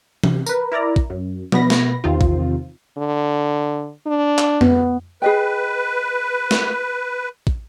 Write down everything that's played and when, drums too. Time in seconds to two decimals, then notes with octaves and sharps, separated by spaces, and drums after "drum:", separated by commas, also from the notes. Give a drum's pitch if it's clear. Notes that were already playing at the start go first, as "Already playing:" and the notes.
0.24 C3, drum: tom E3
0.46 A#4 B4, drum: tambourine
0.72 E4 A#4 D5 A#5
0.96 drum: kick
1.10 F#2
1.52 B2 B3 B5 A#6, drum: tom F3
1.70 drum: snare
2.04 E2 C3 D#3 C4 F4
2.21 drum: kick
2.98 D3
4.06 D4
4.38 drum: clap
4.61 B3, drum: tom F2
5.22 G#4 B4 D#5 G5
6.51 drum: snare
7.47 drum: kick